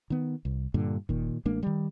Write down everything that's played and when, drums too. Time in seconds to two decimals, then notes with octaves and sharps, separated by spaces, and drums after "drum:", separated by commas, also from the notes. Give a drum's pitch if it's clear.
0.10 D#3 B3
0.45 C2
0.74 G2 A#2 D3
1.09 A#2 D#3, drum: kick F1
1.45 A1 G#3 A#3 D4
1.63 D#3 G3